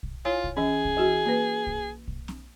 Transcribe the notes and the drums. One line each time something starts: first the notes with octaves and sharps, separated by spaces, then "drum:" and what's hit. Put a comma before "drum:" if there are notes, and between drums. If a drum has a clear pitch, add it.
drum: kick
E4 F4 C#5 G#5
drum: kick
E3 C#4 G#4
drum: kick
E3 E4 F#4
A#3 B4
drum: kick
drum: kick
drum: snare C4